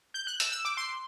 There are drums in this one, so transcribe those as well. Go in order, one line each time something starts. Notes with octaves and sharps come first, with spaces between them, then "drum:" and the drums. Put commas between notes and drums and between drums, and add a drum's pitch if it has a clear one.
G6
F#6
E6, drum: hi-hat
E6
D6
C6